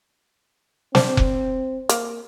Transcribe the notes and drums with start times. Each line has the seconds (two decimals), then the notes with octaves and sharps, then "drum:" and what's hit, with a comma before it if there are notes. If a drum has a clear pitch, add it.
0.95 C4 D4 C5, drum: snare
1.17 drum: kick F1
1.89 A#3, drum: hi-hat